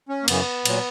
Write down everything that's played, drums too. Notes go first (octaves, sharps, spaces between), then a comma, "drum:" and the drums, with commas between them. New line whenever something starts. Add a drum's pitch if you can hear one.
C#4
A#3
F#2 C#3 E3 B3, drum: cymbal
A#2 F#3, drum: cymbal